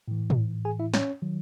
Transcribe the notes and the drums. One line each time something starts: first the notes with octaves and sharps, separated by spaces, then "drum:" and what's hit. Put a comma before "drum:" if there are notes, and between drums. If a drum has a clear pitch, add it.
A2 E3
drum: tom
G#4 G#5
E4 E5
C#4 C#5, drum: snare
D#3 F#3